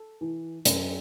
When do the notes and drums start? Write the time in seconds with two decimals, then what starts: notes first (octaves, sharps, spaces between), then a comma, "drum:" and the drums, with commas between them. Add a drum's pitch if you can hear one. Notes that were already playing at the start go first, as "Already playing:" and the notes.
Already playing: A4
0.21 E3
0.65 F#2, drum: hi-hat